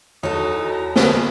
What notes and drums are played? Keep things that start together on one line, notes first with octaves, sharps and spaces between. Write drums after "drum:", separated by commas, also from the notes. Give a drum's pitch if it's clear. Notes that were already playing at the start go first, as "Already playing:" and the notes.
E2 D#4 F#4 A4 C#5
A#5
C3 F3 G3 B3 G#4, drum: snare